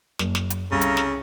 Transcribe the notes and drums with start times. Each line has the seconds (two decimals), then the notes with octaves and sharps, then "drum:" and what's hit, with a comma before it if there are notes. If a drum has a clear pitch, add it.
0.19 F#1, drum: snare
0.35 drum: snare
0.50 drum: hi-hat
0.72 C2 C#3 A4 F5 A#5
0.81 drum: hi-hat
0.97 drum: snare